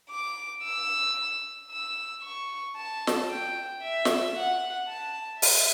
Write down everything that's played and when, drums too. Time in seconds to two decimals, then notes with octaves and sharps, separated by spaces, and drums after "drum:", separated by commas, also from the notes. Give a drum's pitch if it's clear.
0.10 D6
0.64 E6
1.70 E6
2.23 C#6
2.76 A5
3.07 drum: snare
3.30 G5
3.83 E5
4.05 drum: snare
4.36 F#5
4.89 A5
5.42 E5, drum: open hi-hat